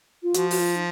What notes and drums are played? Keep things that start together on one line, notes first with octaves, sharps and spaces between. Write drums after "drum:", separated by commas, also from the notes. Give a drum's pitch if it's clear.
F4
F3 F#4, drum: hi-hat
F#4, drum: open hi-hat
F4
D#4